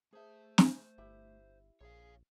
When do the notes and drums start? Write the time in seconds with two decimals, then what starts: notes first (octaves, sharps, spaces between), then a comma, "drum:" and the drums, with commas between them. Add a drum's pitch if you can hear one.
0.13 A3 G#4 C5 E5 A5
0.58 drum: snare
0.98 G1 E4 G4 E5
1.81 A#1 G#4 C#5 F5